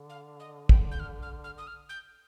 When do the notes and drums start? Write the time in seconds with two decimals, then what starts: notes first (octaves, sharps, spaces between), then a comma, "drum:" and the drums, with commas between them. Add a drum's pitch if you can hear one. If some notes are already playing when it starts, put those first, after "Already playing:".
Already playing: D3
0.09 F5
0.40 D#5
0.69 G5, drum: kick
0.91 G6
1.00 F6
1.22 F6
1.44 F6
1.58 D#6
1.67 F6
1.89 G6